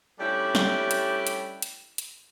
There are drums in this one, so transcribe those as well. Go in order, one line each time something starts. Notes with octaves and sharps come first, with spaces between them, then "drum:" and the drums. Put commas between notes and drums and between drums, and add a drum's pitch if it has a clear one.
G3 A3 C#4 D4 E4 G4
drum: snare
drum: hi-hat
drum: hi-hat
drum: hi-hat
drum: hi-hat